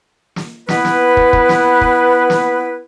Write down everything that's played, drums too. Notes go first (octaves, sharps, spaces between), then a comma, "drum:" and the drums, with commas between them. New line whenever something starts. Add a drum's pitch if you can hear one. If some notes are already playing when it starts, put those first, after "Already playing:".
drum: snare
B3 E4 B4, drum: snare
drum: snare
drum: kick
drum: kick
drum: snare
drum: kick
drum: snare